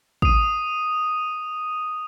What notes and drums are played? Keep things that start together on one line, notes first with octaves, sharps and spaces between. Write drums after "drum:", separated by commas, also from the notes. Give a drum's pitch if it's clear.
D#6 D#7, drum: kick